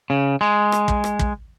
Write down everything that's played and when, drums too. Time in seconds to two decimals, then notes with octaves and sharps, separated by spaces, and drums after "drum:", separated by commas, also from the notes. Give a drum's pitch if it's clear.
0.10 C#3
0.41 G#3
0.72 drum: rim click
0.88 drum: kick
1.04 drum: rim click
1.19 drum: kick